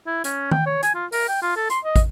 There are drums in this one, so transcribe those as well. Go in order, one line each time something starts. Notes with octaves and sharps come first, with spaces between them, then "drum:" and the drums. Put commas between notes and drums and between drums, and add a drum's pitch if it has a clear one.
E4
C#4, drum: hi-hat
G5, drum: tom D#3
C#5
G#5, drum: hi-hat
F4
A#4, drum: open hi-hat
G5
F4
A4
C6, drum: hi-hat
D#5
drum: kick, hi-hat